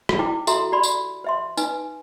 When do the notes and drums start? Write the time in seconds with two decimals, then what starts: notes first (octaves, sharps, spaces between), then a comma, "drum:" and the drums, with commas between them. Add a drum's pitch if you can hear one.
0.09 drum: rim click
0.19 D#4 E4 C5 G5 D6
0.47 F#4 A4 E5 A#5 C6, drum: tambourine
0.72 G4 D5 B5 C6
0.83 drum: tambourine
1.24 C5 E5 C6
1.57 D#4 B4 G#5, drum: tambourine